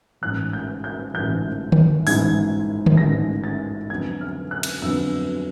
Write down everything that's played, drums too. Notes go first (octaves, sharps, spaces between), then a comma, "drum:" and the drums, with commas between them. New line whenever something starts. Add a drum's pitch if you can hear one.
A1 G#2 E3 F#6
G6
G6
A1 G#2 E3 G6
drum: tom D3
A1 G#2 E3 G#6, drum: open hi-hat
drum: tom D3
A1 G#2 E3 A#6
A6
F2 D3 F#3 B3 G#6
F6
F#6
drum: cymbal
F2 D3 F#3 B3 E6